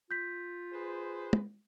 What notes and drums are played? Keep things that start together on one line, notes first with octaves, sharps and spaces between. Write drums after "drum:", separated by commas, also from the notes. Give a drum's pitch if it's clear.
F4 G6 B6
G#4 B4 C5
drum: tom